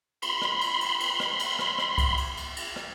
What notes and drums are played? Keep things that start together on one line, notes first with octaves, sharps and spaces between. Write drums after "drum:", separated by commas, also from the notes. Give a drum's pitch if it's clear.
B5 C6, drum: cymbal
drum: rim click
drum: cymbal
drum: cymbal
drum: cymbal
drum: rim click
drum: cymbal
drum: rim click
drum: rim click
drum: kick C2, cymbal
drum: cymbal
drum: cymbal
drum: cymbal
drum: rim click